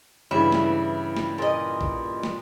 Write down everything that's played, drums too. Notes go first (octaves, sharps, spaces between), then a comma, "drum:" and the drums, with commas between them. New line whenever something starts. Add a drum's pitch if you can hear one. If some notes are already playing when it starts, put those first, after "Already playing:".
G2 C#3 E3 E4
drum: snare
drum: snare
A#2 D#5
drum: kick A#1
drum: snare